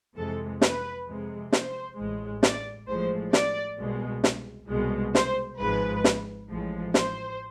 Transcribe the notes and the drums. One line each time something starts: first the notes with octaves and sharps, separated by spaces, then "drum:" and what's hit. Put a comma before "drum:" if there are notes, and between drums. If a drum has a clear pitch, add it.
F2 C3 E3 G#3 A4
B4, drum: snare
F2 C3 G#3
C5, drum: snare
A1 A2 G#3
D5, drum: snare
A1 A2 F3 G#3 C5
D5, drum: snare
C2 B2 G#3
drum: snare
C2 B2 G#3
C5, drum: snare
G#1 G#2 F3 G#3 B4
drum: snare
A1 A2 F3 G#3
C5, drum: snare